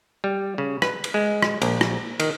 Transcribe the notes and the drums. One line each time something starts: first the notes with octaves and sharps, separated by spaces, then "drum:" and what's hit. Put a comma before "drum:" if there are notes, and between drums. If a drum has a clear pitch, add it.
G3
C#3
B4, drum: rim click
drum: cymbal
G#3
drum: rim click
A#1, drum: cymbal
drum: rim click
D#3, drum: cymbal